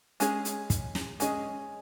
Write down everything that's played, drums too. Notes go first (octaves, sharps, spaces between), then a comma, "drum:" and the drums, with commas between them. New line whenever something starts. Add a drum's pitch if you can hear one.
G#3 C#4 G#4, drum: hi-hat
drum: hi-hat
drum: kick, hi-hat
drum: snare
G#3 C#4 G#4 D#5, drum: hi-hat